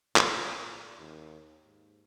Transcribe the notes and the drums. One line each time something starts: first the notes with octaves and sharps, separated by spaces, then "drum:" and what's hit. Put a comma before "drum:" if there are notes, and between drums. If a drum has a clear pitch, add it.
A#2, drum: clap
D#2
G#2